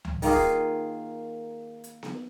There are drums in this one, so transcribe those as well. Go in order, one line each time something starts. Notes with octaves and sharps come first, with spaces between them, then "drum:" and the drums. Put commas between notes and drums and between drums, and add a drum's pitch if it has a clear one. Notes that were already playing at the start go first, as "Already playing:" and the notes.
drum: tom C#2
D#3 A#3 F4 G#4, drum: open hi-hat
drum: kick
drum: hi-hat
drum: snare B3